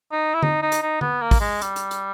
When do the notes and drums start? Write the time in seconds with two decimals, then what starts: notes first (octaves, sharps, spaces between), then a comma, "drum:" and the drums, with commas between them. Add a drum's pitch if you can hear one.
0.12 D#4
0.34 E4
0.43 D#4, drum: tom D3
0.62 D#4
0.72 drum: hi-hat
0.82 D#4
1.01 B3, drum: tom D3
1.22 A#3
1.31 drum: kick, open hi-hat
1.41 G#3
1.62 G3, drum: hi-hat
1.76 drum: hi-hat
1.91 drum: hi-hat